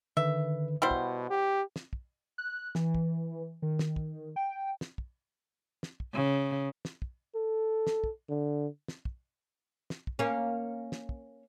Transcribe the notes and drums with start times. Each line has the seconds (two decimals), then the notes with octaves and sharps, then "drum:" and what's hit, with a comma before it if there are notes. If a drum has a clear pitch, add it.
0.17 D3 D#3 B4 E5
0.82 B2 G3 E4 C5 F#5
0.91 drum: kick
1.30 G4
1.76 drum: snare
1.93 drum: kick
2.38 F#6
2.75 E3, drum: snare
2.95 drum: kick
3.62 D#3
3.79 drum: snare
3.96 drum: kick
4.36 G5
4.81 drum: snare
4.98 drum: kick
5.83 drum: snare
6.00 drum: kick
6.13 C#3
6.85 drum: snare
7.02 drum: kick
7.35 A4
7.87 drum: snare
8.04 drum: kick
8.29 D3
8.88 drum: snare
9.05 drum: kick
9.90 drum: snare
10.07 drum: kick
10.19 A#3 C#4
10.92 drum: snare
11.09 drum: kick